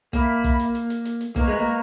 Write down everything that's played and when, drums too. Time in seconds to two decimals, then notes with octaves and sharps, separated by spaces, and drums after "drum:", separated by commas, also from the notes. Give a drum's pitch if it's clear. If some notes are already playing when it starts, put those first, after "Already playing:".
0.13 A#3 A#4 E5 B5, drum: kick, hi-hat
0.44 drum: kick, hi-hat
0.59 drum: hi-hat
0.75 drum: hi-hat
0.90 drum: hi-hat
1.05 drum: hi-hat
1.21 drum: hi-hat
1.36 A#3 B4 D#5 A#5 C#6, drum: kick, hi-hat
1.48 G#3
1.59 A#3